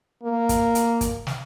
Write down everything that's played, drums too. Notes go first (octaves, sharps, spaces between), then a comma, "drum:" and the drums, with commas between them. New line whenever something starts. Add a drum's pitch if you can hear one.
A#3
drum: kick, hi-hat
drum: hi-hat
drum: kick, hi-hat
drum: snare